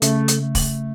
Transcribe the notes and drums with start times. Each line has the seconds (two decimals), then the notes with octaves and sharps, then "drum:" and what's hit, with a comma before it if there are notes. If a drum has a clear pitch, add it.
0.02 C#3 A3, drum: hi-hat
0.28 drum: hi-hat
0.41 A3
0.55 drum: kick, open hi-hat